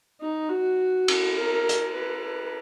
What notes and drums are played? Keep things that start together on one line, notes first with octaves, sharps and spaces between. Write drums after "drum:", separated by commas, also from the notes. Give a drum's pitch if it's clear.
D#4
F#4
drum: cymbal
A#4
drum: hi-hat
B4
B4